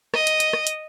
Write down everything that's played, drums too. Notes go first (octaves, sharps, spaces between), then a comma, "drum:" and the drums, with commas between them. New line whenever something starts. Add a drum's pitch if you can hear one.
D#5, drum: rim click
drum: hi-hat
drum: hi-hat
drum: rim click
drum: hi-hat